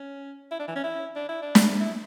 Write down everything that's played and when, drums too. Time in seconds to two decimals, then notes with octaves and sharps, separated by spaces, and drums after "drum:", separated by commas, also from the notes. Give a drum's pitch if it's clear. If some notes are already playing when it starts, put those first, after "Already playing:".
Already playing: C#4
0.52 E4
0.60 D4
0.68 E3
0.76 C#4
0.84 E4
1.16 D4
1.29 E4
1.42 D4
1.55 drum: snare
1.80 E4